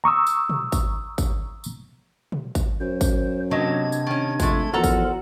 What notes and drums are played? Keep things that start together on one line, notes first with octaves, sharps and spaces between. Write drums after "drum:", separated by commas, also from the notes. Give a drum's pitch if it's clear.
A#5 C#6 D#6 E6
drum: tambourine
drum: tom
drum: kick G#1, tambourine
drum: kick G#1, tambourine
drum: tambourine
drum: tom
drum: kick G#1, tambourine
F#2 C5
drum: kick G#1, tambourine
C3 F#3 D4 D#5 G#6
drum: tambourine
D#3 C#4
F2 G#3 A3, drum: kick G#1, tambourine
E2 F3 F4 F#4 A4 A#4 A#5
drum: kick G#1, tambourine